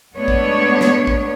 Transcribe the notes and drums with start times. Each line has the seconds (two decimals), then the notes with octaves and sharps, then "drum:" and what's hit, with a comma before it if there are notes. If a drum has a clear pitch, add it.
0.15 G#3 A3 B3 D4 C#5
0.28 drum: kick
0.81 drum: snare
1.07 drum: kick